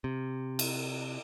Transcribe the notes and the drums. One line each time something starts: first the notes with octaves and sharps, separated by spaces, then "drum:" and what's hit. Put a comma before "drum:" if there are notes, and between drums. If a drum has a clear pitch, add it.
C3
drum: cymbal